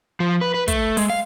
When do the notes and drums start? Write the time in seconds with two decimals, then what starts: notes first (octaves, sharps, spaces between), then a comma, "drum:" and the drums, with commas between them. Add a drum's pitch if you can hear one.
0.20 F3
0.41 B4
0.54 B4
0.68 A3, drum: kick, hi-hat
0.97 G#3, drum: open hi-hat
1.10 F5